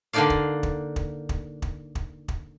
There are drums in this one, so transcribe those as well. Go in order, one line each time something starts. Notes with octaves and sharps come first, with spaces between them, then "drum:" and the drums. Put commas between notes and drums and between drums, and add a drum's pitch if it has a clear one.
D3 A#3 D4 D#4 D5 F5
drum: kick
drum: kick
drum: kick
drum: kick
drum: kick
drum: kick
drum: kick